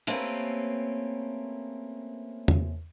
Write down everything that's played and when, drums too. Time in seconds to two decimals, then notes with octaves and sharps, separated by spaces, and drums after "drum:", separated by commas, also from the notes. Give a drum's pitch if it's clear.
0.07 A3 A#3 C4 C#4 G4 B4, drum: hi-hat
2.48 drum: tom E2